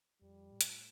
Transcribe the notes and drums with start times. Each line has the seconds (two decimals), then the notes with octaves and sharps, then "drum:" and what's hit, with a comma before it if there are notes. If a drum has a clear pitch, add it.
0.21 F2 G3
0.51 A2
0.61 drum: hi-hat